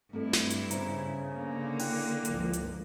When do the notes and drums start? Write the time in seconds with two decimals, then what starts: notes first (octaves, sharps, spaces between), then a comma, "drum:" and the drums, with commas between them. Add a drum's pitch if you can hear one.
0.13 G2 A3 C4 E4 A4
0.33 drum: snare
0.50 drum: hi-hat
0.71 C#3 B3 C5 A#5, drum: hi-hat
1.34 D3 A#3
1.79 E4 G5 F#6, drum: open hi-hat
2.25 G1 C#2 F3, drum: hi-hat
2.53 drum: hi-hat